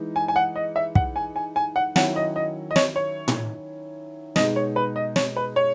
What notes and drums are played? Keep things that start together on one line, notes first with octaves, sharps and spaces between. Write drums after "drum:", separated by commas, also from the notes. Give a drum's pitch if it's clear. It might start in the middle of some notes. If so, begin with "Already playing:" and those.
Already playing: E3 G#3 D#4
G#5
G#5
F#5
D#5
E5
F#5, drum: kick
G#5
G#5
G#5
F#5
D#3 F#3 C#4 E4 F#5, drum: snare
D#5
D#5
D#5
C#5, drum: snare
C#5
drum: tom A2
B2 G#3 D#4 D#5, drum: snare
C#5
B4
D#5
C#5, drum: snare
B4
C#5